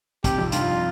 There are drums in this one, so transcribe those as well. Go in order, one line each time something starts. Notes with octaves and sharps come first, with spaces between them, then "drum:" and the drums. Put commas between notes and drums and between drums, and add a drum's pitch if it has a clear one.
C3 G4, drum: kick, hi-hat
F2
G2 F4, drum: hi-hat